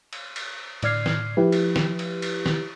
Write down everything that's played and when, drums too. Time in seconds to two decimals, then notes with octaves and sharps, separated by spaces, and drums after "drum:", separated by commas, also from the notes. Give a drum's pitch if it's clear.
0.13 drum: cymbal
0.36 drum: cymbal
0.83 A2 D3 D5 F6 G#6 C7, drum: cymbal
1.06 drum: snare
1.37 F3 A3 E4 G4 B4
1.52 drum: cymbal
1.76 drum: snare
1.99 drum: cymbal
2.22 drum: cymbal
2.46 drum: snare